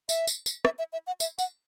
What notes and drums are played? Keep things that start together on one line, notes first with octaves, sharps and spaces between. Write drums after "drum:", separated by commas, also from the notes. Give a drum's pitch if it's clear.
E5, drum: tambourine
drum: tambourine
drum: tambourine
E5, drum: rim click
E5
E5
F#5
E5, drum: tambourine
F#5, drum: tambourine